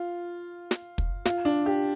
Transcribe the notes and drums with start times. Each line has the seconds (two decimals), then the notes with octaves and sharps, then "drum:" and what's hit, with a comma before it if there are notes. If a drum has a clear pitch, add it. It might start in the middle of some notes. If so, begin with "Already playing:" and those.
Already playing: F4
0.71 drum: snare
0.98 drum: kick
1.25 F4, drum: snare
1.45 D4
1.66 G4